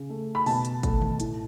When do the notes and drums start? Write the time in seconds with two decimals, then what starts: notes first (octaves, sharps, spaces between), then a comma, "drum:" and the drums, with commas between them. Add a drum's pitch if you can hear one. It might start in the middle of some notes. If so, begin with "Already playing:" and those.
Already playing: C#3
0.10 A3
0.35 B5
0.46 B2 A5, drum: open hi-hat
0.65 drum: hi-hat
0.83 A3, drum: kick, hi-hat
1.02 drum: tom D3
1.20 A2, drum: hi-hat